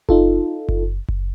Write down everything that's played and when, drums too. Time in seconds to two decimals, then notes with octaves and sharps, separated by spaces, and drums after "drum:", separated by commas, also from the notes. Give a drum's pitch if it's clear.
0.09 D#4 F4 A4, drum: kick F#1
0.69 drum: kick F#1
1.08 drum: kick F#1